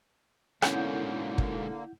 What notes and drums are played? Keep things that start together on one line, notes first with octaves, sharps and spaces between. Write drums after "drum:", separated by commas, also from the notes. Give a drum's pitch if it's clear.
G#2 B2 D3 A#3 C#4 E4 F#5 G6, drum: rim click
drum: kick